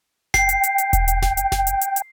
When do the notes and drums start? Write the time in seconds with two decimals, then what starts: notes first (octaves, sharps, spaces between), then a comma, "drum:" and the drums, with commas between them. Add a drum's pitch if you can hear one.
0.34 G5 C7, drum: snare F#1
0.49 drum: hi-hat
0.63 drum: hi-hat
0.78 drum: hi-hat
0.93 drum: kick E1, hi-hat
1.08 drum: hi-hat
1.22 drum: snare F#1
1.37 drum: hi-hat
1.52 drum: snare F#1
1.67 drum: hi-hat
1.81 drum: hi-hat
1.96 drum: hi-hat